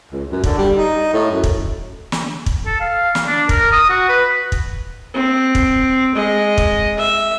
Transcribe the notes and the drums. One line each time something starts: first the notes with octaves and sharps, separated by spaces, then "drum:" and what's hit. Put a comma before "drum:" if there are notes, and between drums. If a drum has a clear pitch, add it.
C#2
F#2
D3, drum: kick
G3
D#4
A2
F#2
drum: kick
drum: snare
drum: kick
A4
F5
drum: snare
D4
A#4, drum: kick
D#6
F#4
B4
drum: kick
C4
drum: kick
G#3 D#5
drum: kick
E5